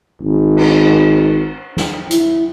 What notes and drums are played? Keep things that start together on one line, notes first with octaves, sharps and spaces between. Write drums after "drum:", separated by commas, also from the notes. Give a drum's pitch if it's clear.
G#1
drum: cymbal
drum: snare
E4, drum: hi-hat